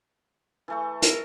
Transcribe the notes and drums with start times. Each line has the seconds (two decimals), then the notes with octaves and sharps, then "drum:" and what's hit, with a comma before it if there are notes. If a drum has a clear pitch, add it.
0.68 E3 A3 C#6
1.02 A#4, drum: hi-hat